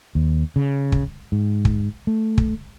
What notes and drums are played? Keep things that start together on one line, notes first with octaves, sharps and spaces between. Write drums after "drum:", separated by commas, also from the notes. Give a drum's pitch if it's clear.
D#2
C#3
drum: kick
G#2
drum: kick
A3
drum: kick